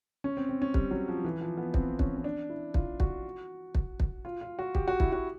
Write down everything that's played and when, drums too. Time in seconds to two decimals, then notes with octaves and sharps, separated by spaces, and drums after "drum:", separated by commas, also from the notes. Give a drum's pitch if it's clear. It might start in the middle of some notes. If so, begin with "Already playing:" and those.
0.24 C#4
0.37 C4
0.49 C4
0.62 C#4
0.74 G3, drum: kick
0.91 F#3
1.08 F3
1.24 E3
1.41 F3
1.57 B3
1.74 C4, drum: kick
1.99 C#4, drum: kick
2.17 C#4
2.24 D4
2.49 E4
2.74 F4, drum: kick
3.00 F#4, drum: kick
3.75 drum: kick
4.00 drum: kick
4.25 F4
4.41 F4
4.59 F#4
4.75 G4, drum: kick
4.88 F#4
5.00 E4, drum: kick
5.12 F#4